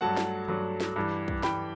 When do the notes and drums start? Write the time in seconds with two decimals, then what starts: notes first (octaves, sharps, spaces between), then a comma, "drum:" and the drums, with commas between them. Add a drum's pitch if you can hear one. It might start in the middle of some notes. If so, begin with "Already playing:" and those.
0.01 G2 F#3 A3 F#5 A5
0.17 drum: snare
0.48 G2 F#3 A3, drum: tom
0.80 drum: snare
0.96 G2 E3 G3
1.28 drum: kick
1.43 G2 E3 G3 G5 B5, drum: snare